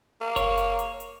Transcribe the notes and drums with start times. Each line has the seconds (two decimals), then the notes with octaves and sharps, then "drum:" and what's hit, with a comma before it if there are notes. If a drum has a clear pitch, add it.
0.21 A#3
0.36 C#5, drum: kick F#1, hi-hat
0.57 drum: hi-hat
0.79 drum: hi-hat
1.00 drum: hi-hat